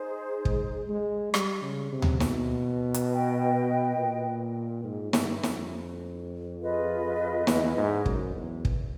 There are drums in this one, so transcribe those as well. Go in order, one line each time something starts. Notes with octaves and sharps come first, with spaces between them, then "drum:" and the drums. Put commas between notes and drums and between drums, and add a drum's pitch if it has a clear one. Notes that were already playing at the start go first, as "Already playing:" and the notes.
Already playing: D#4 G#4 C5
G#3, drum: kick
G#3
G3, drum: rim click
C#3
C3
drum: tom D2
B2, drum: snare
drum: hi-hat
B4 D#5 G5
A#2
G#2
G2, drum: snare
F2, drum: snare
F4 G#4 B4 D#5
E2, drum: snare
G#2
F#2, drum: kick
E2
drum: kick